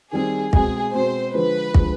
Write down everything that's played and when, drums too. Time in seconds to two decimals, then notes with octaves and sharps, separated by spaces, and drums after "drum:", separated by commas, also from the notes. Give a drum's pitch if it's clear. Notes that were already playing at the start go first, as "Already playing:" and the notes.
0.12 D#3 G3 C4 G#4
0.53 B2 G#3 C4 G#4, drum: kick
0.93 B2 G#3 C4 C5
1.34 D3 F3 G#3 B4
1.74 D3 F3 G#3, drum: kick